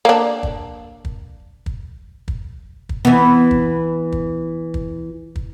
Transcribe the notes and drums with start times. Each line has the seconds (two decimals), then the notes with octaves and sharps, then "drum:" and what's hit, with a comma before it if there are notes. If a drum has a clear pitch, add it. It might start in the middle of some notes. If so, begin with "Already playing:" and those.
0.05 A#3 D4
0.43 drum: kick
1.05 drum: kick
1.66 drum: kick
2.28 drum: kick
2.89 drum: kick
3.05 E3 B3
3.51 drum: kick
4.12 drum: kick
4.74 drum: kick
5.36 drum: kick